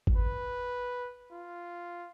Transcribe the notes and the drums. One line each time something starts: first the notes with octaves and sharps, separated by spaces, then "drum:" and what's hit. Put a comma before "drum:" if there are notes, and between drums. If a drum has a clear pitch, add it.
drum: kick G#1
B4
F4